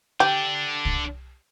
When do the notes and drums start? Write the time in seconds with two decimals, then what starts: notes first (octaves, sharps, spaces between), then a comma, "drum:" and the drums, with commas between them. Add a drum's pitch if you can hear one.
0.20 D3 D4 G4
0.85 drum: kick C2